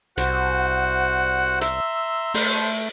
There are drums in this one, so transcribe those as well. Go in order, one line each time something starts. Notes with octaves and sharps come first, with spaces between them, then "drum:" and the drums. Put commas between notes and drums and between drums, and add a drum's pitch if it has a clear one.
C2 F#4 C5 F#5, drum: hi-hat
E5 A#5 C6 E6, drum: hi-hat
A3 C5, drum: open hi-hat